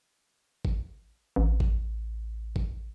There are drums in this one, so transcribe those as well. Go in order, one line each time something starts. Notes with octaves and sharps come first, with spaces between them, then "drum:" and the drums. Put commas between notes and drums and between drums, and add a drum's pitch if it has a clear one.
drum: kick G#1
A1
drum: kick G#1
drum: kick G#1